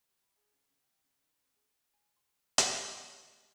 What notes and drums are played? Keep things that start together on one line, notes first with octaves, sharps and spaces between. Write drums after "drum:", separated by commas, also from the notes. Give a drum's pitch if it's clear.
G4
B5
G#4
C#3
C#3
G5
C#3
D#3
C4
G#4
G#5
C6
drum: hi-hat
A6
B4